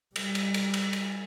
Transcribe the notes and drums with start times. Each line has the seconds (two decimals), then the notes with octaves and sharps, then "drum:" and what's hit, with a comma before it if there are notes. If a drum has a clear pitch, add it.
0.16 G3, drum: cymbal
0.35 drum: cymbal
0.54 drum: cymbal
0.74 drum: cymbal
0.93 drum: cymbal